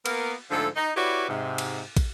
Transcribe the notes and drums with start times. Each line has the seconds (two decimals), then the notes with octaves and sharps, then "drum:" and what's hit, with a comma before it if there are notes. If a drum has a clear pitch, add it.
0.06 A#3 B3 A#4, drum: cymbal
0.51 G#2 D3 F3 A3 A4
0.76 D#4
0.96 E4 F#4 G4 B4 C#5 D5
1.28 G#2 C3
1.58 drum: cymbal
1.97 drum: kick, cymbal